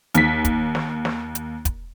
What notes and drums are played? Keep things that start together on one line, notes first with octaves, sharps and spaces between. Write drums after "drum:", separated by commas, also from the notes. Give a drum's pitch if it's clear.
D#2 B6, drum: hi-hat
drum: kick, hi-hat
drum: snare
drum: snare
drum: hi-hat
drum: kick, hi-hat